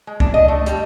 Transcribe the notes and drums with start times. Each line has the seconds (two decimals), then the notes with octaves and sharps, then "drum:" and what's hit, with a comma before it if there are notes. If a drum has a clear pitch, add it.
0.07 G#3
0.20 D4, drum: kick
0.34 D#5
0.48 A3
0.66 G3, drum: hi-hat